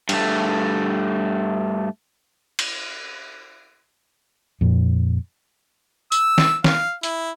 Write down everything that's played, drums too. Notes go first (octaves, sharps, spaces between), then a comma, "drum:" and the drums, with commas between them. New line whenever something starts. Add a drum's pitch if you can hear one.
G2 A3, drum: cymbal
drum: cymbal
F2 A#2
E6, drum: tambourine
drum: snare
F5, drum: snare
E4, drum: hi-hat